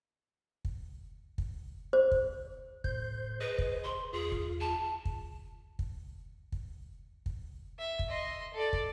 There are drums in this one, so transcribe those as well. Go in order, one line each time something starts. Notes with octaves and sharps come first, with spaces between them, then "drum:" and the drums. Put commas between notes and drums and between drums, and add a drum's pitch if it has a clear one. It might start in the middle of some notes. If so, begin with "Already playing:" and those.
drum: kick
drum: kick
C5
drum: kick
A2 C5 G6, drum: kick
G#4 B4 C5 D#5
drum: kick
C6
E2 F4 G#4
drum: kick
A5
drum: kick
drum: kick
drum: kick
drum: kick
E5
drum: kick
D#5 C6
A4 D5
drum: kick